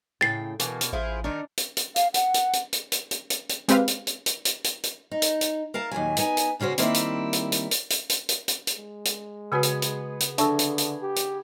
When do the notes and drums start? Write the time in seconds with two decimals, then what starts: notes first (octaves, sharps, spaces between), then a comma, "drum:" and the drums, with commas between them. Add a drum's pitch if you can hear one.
0.21 A2 C#3 G5 A6 C7
0.60 B2 E3 A#3, drum: hi-hat
0.81 drum: hi-hat
0.93 A1 E4 F4 G#4 C5
1.24 D#3 D4 D#4 A#4
1.57 drum: hi-hat
1.77 drum: hi-hat
1.96 F5, drum: hi-hat
2.14 F#5, drum: hi-hat
2.34 drum: hi-hat
2.53 drum: hi-hat
2.73 drum: hi-hat
2.92 drum: hi-hat
3.11 drum: hi-hat
3.30 drum: hi-hat
3.49 drum: hi-hat
3.68 G#3 C4 G4 B4 F5, drum: hi-hat
3.88 drum: hi-hat
4.07 drum: hi-hat
4.26 drum: hi-hat
4.45 drum: hi-hat
4.64 drum: hi-hat
4.83 drum: hi-hat
5.11 D#4
5.22 drum: hi-hat
5.41 drum: hi-hat
5.74 A#4 F5 A5 A#5
5.91 D#2 A#2 F#3 G#5
6.17 B3 D#4 G#5, drum: hi-hat
6.37 drum: hi-hat
6.60 A#2 C#3 C#4 F#4 C5
6.78 D#3 G3 A#3 C4 E4, drum: hi-hat
6.94 drum: hi-hat
7.33 drum: hi-hat
7.52 drum: hi-hat
7.71 drum: hi-hat
7.90 drum: hi-hat
8.09 drum: hi-hat
8.29 drum: hi-hat
8.48 drum: hi-hat
8.67 drum: hi-hat
8.78 G#3
9.05 drum: hi-hat
9.52 C#3 B3 F#4 G#4 B4
9.63 drum: hi-hat
9.82 drum: hi-hat
10.20 drum: hi-hat
10.38 D3 D4 A4 E5 A5 C#6 E6, drum: hi-hat
10.59 drum: hi-hat
10.78 drum: hi-hat
11.02 G4
11.16 drum: hi-hat